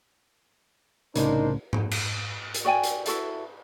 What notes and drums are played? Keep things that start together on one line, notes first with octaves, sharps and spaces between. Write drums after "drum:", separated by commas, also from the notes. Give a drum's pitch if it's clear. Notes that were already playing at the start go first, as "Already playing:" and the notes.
C2 A2 C#3 D4 D#4 A#4 C5, drum: hi-hat
drum: tom G#2
drum: cymbal
drum: hi-hat
F#4 D5 G5 G#5
drum: hi-hat
E4 F#4 A4 D5, drum: hi-hat